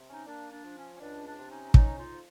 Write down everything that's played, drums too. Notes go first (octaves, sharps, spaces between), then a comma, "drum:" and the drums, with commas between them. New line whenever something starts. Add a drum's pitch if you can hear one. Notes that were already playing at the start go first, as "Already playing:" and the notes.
Already playing: C3
C#4 D#4
A#3 D4
D4
F3
C#4
C#4
C#2 D4
D4
C3
C#4 D#4
F2 C#4 D#4, drum: kick
D#4 F4
F3